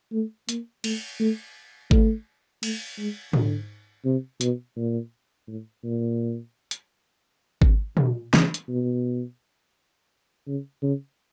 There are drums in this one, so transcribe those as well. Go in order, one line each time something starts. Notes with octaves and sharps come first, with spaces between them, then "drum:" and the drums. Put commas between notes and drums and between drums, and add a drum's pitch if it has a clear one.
A3
A#3, drum: hi-hat
A3, drum: cymbal
A3
A3, drum: kick G#1
A3, drum: cymbal
G#3
D3, drum: tom
C3
B2, drum: hi-hat
A#2
A2
A#2
drum: hi-hat
C3, drum: kick G#1
D3, drum: tom
C#3, drum: snare
drum: hi-hat
B2
C#3
C#3